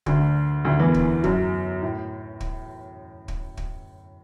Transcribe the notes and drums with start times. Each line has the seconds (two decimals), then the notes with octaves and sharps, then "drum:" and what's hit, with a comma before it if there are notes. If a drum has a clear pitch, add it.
0.06 D2 D3, drum: kick
0.65 D2 D3
0.79 E2 E3
0.94 drum: kick
1.24 F#2 F#3, drum: kick
1.82 A2
2.40 drum: kick
3.28 drum: kick
3.57 drum: kick